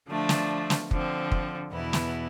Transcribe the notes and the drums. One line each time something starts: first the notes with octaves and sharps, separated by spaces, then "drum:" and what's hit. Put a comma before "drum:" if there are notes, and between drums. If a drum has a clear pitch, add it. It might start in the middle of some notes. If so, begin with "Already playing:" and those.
D3 F3 A3 D4
drum: snare
drum: snare
D3 F3 C4, drum: kick
drum: kick
E2 B2 B3 E4
drum: snare